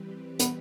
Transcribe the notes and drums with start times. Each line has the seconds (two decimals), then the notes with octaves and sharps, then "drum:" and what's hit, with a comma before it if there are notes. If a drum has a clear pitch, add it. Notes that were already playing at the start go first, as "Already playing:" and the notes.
Already playing: E3 G3 C4 G4 B4
0.39 B3, drum: hi-hat